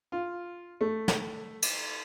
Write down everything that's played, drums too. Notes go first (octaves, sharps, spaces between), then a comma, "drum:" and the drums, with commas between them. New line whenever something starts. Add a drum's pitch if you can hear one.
F4
A3
drum: snare
drum: cymbal